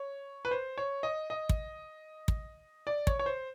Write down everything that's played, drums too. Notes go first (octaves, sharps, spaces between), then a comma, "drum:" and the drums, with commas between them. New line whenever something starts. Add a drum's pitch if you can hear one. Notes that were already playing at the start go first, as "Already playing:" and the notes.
Already playing: C#5
B4
C5
C#5
D#5
D#5
drum: kick
drum: kick
D5
C#5, drum: kick
C#5
C5